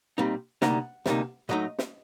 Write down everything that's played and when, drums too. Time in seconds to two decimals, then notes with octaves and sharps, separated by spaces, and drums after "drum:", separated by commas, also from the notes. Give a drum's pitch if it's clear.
0.18 A#2 G3 C4 D#4
0.62 D2 C3 G3 A#3 D#4 F#5, drum: snare
1.06 D2 C3 G3 A#3 D#4, drum: snare
1.49 A2 F#3 A3 D#4 D#5
1.79 drum: snare